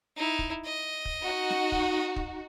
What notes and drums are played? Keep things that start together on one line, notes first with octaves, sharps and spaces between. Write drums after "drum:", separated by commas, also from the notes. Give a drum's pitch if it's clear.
D#4 E4
drum: kick
D#5
drum: kick
D#4 F#4
drum: snare
drum: kick
drum: kick